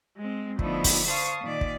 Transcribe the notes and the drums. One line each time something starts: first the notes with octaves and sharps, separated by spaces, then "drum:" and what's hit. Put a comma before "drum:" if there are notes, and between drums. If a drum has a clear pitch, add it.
G#3 C4
D3 F3 A3 B3 D#4 E4, drum: kick
drum: kick, open hi-hat
C5 F5 A5 C#6 D#6
A#2 D#3 D5
drum: kick